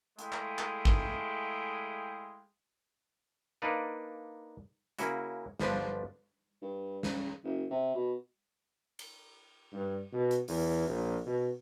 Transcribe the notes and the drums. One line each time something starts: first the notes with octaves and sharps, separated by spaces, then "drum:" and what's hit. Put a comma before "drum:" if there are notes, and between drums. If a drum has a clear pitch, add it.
G#3 A3 E4 G#4 F5 G5, drum: hi-hat
drum: clap
drum: clap
drum: kick
A#3 D4 D#4 B4 D5 F5
C#3 A#3 C#4 E4 F#4, drum: hi-hat
G1 F3 B3 D4, drum: snare
G2
C#3, drum: snare
F#1
C3
B2
drum: cymbal
G2
B2
drum: hi-hat
E2, drum: open hi-hat
A#1
B2